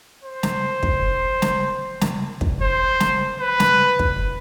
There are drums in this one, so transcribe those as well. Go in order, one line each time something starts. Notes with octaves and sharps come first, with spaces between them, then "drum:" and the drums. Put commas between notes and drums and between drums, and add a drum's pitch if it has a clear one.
C5
drum: snare
drum: kick
drum: snare
drum: snare
drum: kick
C5
drum: snare
B4
drum: snare
drum: kick